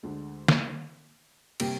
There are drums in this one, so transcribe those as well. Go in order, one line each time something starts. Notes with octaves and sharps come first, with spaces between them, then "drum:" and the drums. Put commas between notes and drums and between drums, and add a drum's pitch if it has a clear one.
D2 D3 G#3
drum: snare
C3 G3 A#3 G4, drum: cymbal